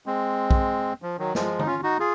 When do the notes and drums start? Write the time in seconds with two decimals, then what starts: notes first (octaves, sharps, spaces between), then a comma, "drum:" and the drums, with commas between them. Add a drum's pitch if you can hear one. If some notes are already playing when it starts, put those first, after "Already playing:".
0.06 G#3 C4
0.51 drum: kick
1.02 F3
1.19 D#3 F#3
1.35 F3 G#3, drum: snare
1.59 D#4, drum: tom D3
1.66 C#4 F4
1.83 D#4 F#4
1.99 F4 G#4